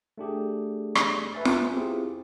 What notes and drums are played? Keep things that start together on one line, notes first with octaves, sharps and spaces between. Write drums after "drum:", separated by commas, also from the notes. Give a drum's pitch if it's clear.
A3 D4 G4 G#4
drum: rim click
B4 E5 G#5 A6
drum: snare
C4 E4 F4 G4 G#4